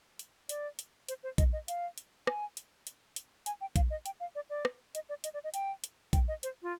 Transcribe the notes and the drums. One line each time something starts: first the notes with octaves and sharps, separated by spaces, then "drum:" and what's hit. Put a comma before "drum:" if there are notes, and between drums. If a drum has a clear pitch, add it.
drum: hi-hat
D5, drum: hi-hat
drum: hi-hat
C5, drum: hi-hat
C5
D#5, drum: kick A#1, hi-hat
D#5
F5, drum: hi-hat
drum: hi-hat
G#5, drum: rim click
drum: hi-hat
drum: hi-hat
drum: hi-hat
G#5, drum: hi-hat
G5
F5, drum: kick A#1, hi-hat
D#5
G5, drum: hi-hat
F5
D5
D5
drum: rim click
D#5, drum: hi-hat
D5
D#5, drum: hi-hat
D5
D#5
G5, drum: hi-hat
drum: hi-hat
G5, drum: kick A#1, hi-hat
D#5
C5, drum: hi-hat
F4